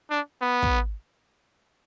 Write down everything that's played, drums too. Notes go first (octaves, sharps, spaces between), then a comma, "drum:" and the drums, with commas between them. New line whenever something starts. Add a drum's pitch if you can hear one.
D4
B3
drum: kick